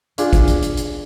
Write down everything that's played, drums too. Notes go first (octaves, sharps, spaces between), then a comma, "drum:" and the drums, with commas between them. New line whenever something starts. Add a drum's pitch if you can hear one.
D4 F4 G#4 D5, drum: hi-hat
drum: kick, hi-hat
drum: hi-hat
drum: hi-hat
drum: hi-hat